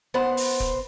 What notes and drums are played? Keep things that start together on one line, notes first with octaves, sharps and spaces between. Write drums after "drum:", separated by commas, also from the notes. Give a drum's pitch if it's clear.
B3 C5 F#5
drum: open hi-hat
drum: kick